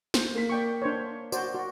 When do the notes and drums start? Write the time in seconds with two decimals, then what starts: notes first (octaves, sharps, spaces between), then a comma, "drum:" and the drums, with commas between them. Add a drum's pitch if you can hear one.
0.14 C5, drum: snare
0.35 A#3 B6
0.50 D5 G5 C#6
0.82 D4 C5 C#5
1.32 F#4 C5 D5, drum: tambourine
1.54 F#4 D5